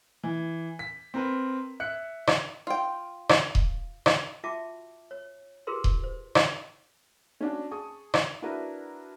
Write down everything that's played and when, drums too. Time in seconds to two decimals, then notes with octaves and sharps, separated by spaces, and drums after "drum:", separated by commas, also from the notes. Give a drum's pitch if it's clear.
0.24 E3
0.79 B6
1.14 C4 A#4 B4
1.80 E5 F#6 C#7
2.27 drum: rim click
2.67 F4 G5
3.29 drum: rim click
3.55 drum: kick D#1
4.06 drum: rim click
4.44 F4 F#4 E5 G5 A5 D6
5.11 C#5
5.67 F4 G4 G#4 A#4 B4 C6
5.84 drum: kick D#1
6.04 C5
6.35 drum: rim click
7.40 C#4 D4 F#4
7.71 G#4 A5 C#6 D#6
8.14 drum: rim click
8.42 D4 E4 F#4 A#4 B4 A#5